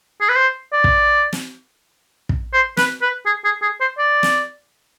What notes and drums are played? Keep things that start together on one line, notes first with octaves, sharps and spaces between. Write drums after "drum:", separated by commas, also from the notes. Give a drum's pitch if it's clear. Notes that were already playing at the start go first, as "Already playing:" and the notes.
G#4
B4
C5
D5
drum: kick
drum: snare
drum: kick
C5
B4, drum: snare
B4
G#4
G#4
G#4
C5
D5
drum: snare